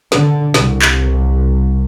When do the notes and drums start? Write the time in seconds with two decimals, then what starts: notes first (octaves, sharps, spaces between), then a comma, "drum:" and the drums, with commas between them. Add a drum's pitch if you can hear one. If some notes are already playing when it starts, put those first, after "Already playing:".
0.12 D3, drum: snare
0.54 C2, drum: snare
0.82 drum: clap